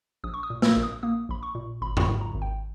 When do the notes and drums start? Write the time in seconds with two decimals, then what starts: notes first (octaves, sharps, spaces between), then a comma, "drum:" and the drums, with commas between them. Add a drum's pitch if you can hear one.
0.24 A#1 D#6
0.34 C#6
0.43 D#6
0.50 A#2
0.62 E6, drum: snare
0.76 A#1
0.83 D#6
1.03 A#3 D#6
1.29 A#1 B5
1.43 C#6
1.55 A#2
1.81 G#1 B5
1.97 C#6, drum: tom E2
2.01 B5
2.08 G#2
2.21 A#5
2.34 G#1
2.42 G5